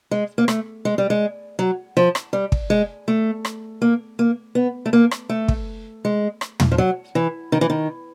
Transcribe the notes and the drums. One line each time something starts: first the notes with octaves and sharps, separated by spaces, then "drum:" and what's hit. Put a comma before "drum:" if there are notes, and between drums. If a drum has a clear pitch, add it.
G#3
A#3
A3, drum: rim click
G#3
G3
G#3
F#3
F3
drum: rim click
G3
drum: kick
G#3
A3
drum: rim click
A#3
A#3
B3
A3
A#3
drum: rim click
A3
drum: kick
G#3
drum: rim click
drum: tom
F3
F#3
E3
D#3
E3
D#3